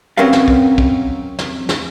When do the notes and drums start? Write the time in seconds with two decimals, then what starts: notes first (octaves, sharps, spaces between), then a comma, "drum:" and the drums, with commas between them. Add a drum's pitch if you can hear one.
0.17 F#3 C4 C#4 A#4 B4 F5
0.33 drum: snare
0.48 drum: kick
0.78 drum: kick
1.39 drum: snare
1.69 drum: snare